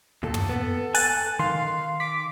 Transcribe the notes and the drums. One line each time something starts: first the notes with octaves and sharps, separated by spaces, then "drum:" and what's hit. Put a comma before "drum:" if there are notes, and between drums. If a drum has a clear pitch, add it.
D#2 A#2 A4
drum: tom
B3
G#5 F#6 A6, drum: open hi-hat
D#3 F5 C6
D6 B6